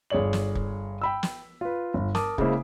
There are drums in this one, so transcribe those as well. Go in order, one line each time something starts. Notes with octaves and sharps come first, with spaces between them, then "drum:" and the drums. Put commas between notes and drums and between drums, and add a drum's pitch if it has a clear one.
G1 G#4 C#5 D5 F#7
drum: snare
drum: kick
G5 B5 E6
drum: snare
F4 B4
G1
A#4 A5 D6 D#6, drum: snare
C#3 G#3 A#3 E4 C5, drum: kick